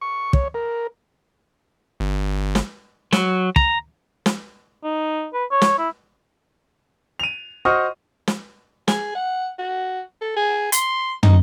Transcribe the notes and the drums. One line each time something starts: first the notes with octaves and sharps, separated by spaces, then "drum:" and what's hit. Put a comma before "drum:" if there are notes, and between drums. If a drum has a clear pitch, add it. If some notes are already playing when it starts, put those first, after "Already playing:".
C#6
C#5, drum: kick
A#4
G1
drum: snare
F#3, drum: snare
A#5, drum: kick
drum: snare
D#4
B4
C#5
drum: snare
E4
D#7 F7
F#4 C5 D#5 C#6 D#6 F6
drum: snare
G#4, drum: snare
F#5
F#4
A4
G#4
C6, drum: hi-hat
D#4, drum: tom